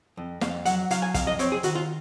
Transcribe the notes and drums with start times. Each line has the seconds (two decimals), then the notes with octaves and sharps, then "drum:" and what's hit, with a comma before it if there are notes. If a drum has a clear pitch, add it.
0.17 F2
0.41 F2 F5, drum: snare
0.65 F#3 F#5, drum: hi-hat
0.90 F#3 F5, drum: hi-hat
1.02 G#5
1.14 F2 F5, drum: kick, hi-hat
1.27 D#5
1.39 C4 C#5, drum: hi-hat
1.52 G#4
1.63 D#3 F#4, drum: hi-hat
1.75 F4